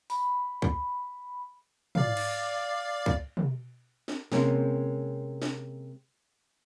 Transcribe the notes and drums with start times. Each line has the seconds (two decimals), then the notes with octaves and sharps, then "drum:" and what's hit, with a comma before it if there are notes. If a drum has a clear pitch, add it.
0.10 B5, drum: open hi-hat
0.62 drum: kick
1.95 D5 F5, drum: tom
2.17 drum: cymbal
3.06 drum: kick
3.37 drum: tom
4.08 drum: snare
4.32 C3 G#3 A#3 C#4, drum: snare
5.42 drum: snare